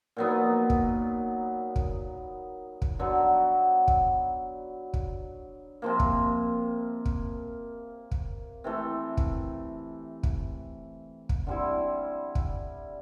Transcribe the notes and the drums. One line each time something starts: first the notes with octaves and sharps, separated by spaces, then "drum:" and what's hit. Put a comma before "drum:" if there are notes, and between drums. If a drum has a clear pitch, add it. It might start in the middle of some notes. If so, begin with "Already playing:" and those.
A#2 F#3 B3 D#4
drum: kick
drum: kick
drum: kick
D3 F#3 B3
drum: kick
drum: kick
C3 F3 A#3
drum: kick
drum: kick
drum: kick
C3 E3 A3
drum: kick
drum: kick
drum: kick
D3 G3 C4 E4
drum: kick